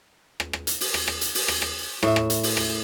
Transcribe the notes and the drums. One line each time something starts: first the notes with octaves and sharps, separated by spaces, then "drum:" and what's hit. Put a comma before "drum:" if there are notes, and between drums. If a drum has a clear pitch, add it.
drum: rim click
drum: rim click
drum: hi-hat
drum: open hi-hat
drum: rim click
drum: rim click
drum: hi-hat
drum: open hi-hat
drum: rim click
drum: rim click
A2 E5, drum: rim click
drum: rim click
drum: hi-hat
drum: open hi-hat
drum: rim click